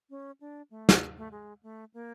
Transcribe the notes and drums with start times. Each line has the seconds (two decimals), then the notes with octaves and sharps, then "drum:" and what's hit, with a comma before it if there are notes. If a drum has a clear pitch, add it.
0.10 C#4
0.41 D4
0.71 A3
0.89 drum: snare
1.17 A3
1.32 G#3
1.63 A3
1.94 A#3